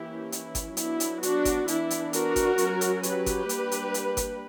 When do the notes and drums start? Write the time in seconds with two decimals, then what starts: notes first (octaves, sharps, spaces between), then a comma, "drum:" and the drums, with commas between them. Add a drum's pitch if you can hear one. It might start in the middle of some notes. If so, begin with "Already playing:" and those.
Already playing: E3 A#3 C#4 E4 G4
0.32 E4, drum: hi-hat
0.55 drum: kick G1, hi-hat
0.77 F#3 B3 D4 E4, drum: hi-hat
1.00 drum: hi-hat
1.23 D4 F#4, drum: hi-hat
1.45 drum: kick G1, hi-hat
1.68 E3 B3 D4 E4, drum: hi-hat
1.90 drum: hi-hat
2.13 F#4 A#4, drum: hi-hat
2.36 drum: kick G1, hi-hat
2.58 F#3 C#4, drum: hi-hat
2.81 drum: hi-hat
3.03 G4 B4, drum: hi-hat
3.26 drum: kick G1, hi-hat
3.49 G3 A#3 D4, drum: hi-hat
3.72 drum: hi-hat
3.94 drum: hi-hat
4.17 drum: kick G1, hi-hat